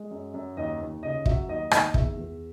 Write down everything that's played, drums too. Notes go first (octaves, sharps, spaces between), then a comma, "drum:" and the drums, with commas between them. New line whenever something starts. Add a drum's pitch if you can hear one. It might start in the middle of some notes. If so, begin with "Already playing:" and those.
Already playing: G#3
F#2
F#2
D#2 D#5
D#2
C#3 D#5
F#3 E5, drum: kick
D#2 D#5
D#2 D#5, drum: rim click
E2 E5, drum: kick
E2